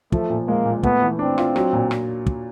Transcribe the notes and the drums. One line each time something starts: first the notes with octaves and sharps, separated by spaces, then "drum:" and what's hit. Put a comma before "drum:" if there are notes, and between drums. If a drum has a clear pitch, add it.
F3 A3, drum: kick
A#2
G#3 A#3
A#2
A3 B3, drum: kick
E3
C4 D4
F4, drum: rim click
F#3, drum: rim click
A#2
drum: rim click
drum: kick